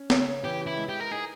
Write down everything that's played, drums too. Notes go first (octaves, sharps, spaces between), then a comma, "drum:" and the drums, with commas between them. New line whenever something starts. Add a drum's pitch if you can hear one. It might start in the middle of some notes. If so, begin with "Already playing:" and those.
Already playing: C#4
C#3, drum: snare
E3 G4
E4
G#3
G4
A#4
D#4 G#4